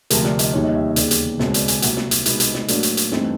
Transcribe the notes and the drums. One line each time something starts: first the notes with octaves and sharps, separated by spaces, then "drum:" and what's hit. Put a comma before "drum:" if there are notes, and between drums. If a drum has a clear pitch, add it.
D2 C3 F3 A#4, drum: hi-hat
D5, drum: snare
D#5, drum: hi-hat
D#2 D#3 G3 C#5
D#5
E5
D#5
E1 D#2 C#3 D5, drum: hi-hat
drum: hi-hat
C#2 B2 G#3 C4 C#5, drum: snare
D5, drum: hi-hat
G#5, drum: hi-hat
C2 A#2 F#3 F#5, drum: hi-hat
drum: snare
drum: hi-hat
C2 B2 G#3 B3 D#4, drum: hi-hat
drum: hi-hat
drum: snare
A2 F#3 A#3 D4 D5, drum: hi-hat
drum: hi-hat
drum: hi-hat
G2 E3 A3 C4 D#4, drum: snare